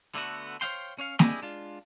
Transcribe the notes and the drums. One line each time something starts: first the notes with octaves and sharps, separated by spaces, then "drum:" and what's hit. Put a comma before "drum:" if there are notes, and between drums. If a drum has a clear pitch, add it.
D3 A3 B3 F#4
C5 C#5 E5 F5 G5 C6
C#4 C#5 F5
D4 E4 G4 G#4 D#5, drum: snare
G#3 D4 F4